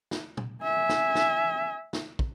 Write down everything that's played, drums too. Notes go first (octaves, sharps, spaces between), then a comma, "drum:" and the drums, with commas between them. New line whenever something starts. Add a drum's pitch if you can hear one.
drum: snare
drum: tom
E5 G#5
drum: snare
drum: snare
drum: snare
drum: kick